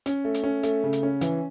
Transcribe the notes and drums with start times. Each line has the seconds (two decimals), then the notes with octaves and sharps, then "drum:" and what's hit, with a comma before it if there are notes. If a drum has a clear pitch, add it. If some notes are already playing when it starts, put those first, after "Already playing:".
0.06 C#4, drum: hi-hat
0.24 A3
0.34 drum: hi-hat
0.44 C#4
0.63 A3, drum: hi-hat
0.83 C#3
0.93 drum: hi-hat
1.03 C#4
1.21 E3, drum: hi-hat